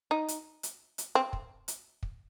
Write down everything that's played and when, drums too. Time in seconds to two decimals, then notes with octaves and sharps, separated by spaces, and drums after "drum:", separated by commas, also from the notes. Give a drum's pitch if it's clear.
0.11 D#4
0.28 drum: hi-hat
0.63 drum: hi-hat
0.98 drum: hi-hat
1.15 C4
1.33 drum: kick
1.68 drum: hi-hat
2.03 drum: kick